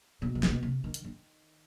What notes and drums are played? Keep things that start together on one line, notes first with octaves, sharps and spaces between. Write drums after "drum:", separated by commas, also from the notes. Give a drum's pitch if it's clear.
B2
B2
C3, drum: snare
B2
C3
D#3
drum: hi-hat
D#3